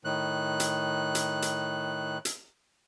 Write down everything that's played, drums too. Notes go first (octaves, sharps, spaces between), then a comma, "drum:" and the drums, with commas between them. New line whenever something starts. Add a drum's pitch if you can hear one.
A2 D#3 F#6
drum: hi-hat
drum: hi-hat
drum: hi-hat
drum: hi-hat